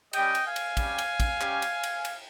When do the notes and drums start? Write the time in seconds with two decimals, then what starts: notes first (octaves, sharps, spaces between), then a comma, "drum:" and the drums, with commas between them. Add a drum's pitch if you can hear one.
0.13 G3 C#4 G4 D#5 G5, drum: cymbal
0.35 drum: cymbal
0.45 F5 G#5
0.56 drum: cymbal
0.77 G3 C#4 G4, drum: kick, cymbal
0.98 drum: cymbal
1.20 drum: kick, cymbal
1.41 G3 C#4 G4, drum: clap
1.62 drum: cymbal
1.83 drum: cymbal
2.05 drum: cymbal